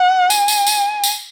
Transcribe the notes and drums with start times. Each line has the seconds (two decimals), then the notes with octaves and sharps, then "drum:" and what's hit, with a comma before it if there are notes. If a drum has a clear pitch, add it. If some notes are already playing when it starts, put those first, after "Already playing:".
Already playing: F#5
0.30 G#5, drum: tambourine
0.48 drum: tambourine
0.67 drum: tambourine
1.03 drum: tambourine